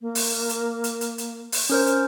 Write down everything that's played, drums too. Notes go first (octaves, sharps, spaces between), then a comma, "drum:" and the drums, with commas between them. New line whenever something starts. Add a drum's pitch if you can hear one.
A#3
drum: open hi-hat
drum: hi-hat
drum: hi-hat
drum: hi-hat
drum: hi-hat
drum: open hi-hat
C#4 A#4 C5
drum: hi-hat